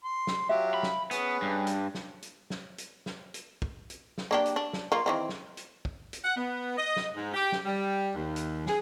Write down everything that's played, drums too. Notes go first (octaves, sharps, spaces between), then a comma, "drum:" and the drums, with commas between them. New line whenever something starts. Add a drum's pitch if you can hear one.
C6
drum: snare
F#3 F4 G4 E5
B5
drum: snare
B3 C#4 G#4 B4, drum: hi-hat
G2
drum: hi-hat
drum: snare
drum: hi-hat
drum: snare
drum: hi-hat
drum: snare
drum: hi-hat
drum: kick
drum: hi-hat
drum: snare
A#3 D4 G4
drum: hi-hat
D4
drum: snare
A#3 F4
D#3 E3 C4
drum: snare
drum: hi-hat
drum: kick
drum: hi-hat
F#5
B3
D#5
drum: snare
G#2
G4
drum: snare
G3
D#2
drum: hi-hat
G#4, drum: snare